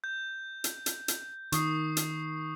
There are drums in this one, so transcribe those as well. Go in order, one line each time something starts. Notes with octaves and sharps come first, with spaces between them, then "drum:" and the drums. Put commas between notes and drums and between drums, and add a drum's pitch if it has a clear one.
G6
drum: hi-hat
drum: hi-hat
drum: hi-hat
D#3 C#6 D#6 C7, drum: hi-hat
drum: hi-hat